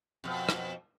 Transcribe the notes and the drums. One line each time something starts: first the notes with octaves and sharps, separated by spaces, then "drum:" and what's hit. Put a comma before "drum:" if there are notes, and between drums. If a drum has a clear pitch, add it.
F2 B2
drum: rim click